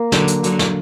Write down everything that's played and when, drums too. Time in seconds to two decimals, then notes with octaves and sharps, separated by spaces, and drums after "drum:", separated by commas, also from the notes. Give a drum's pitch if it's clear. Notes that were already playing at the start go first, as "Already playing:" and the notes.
Already playing: A#3
0.12 D3 F#3, drum: snare
0.28 drum: hi-hat
0.44 D3 F#3, drum: hi-hat
0.59 drum: snare